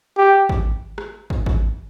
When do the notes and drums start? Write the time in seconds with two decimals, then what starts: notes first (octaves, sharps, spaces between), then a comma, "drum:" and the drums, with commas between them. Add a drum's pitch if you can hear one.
0.18 G4
0.49 drum: kick
0.98 drum: rim click
1.30 drum: kick
1.46 drum: kick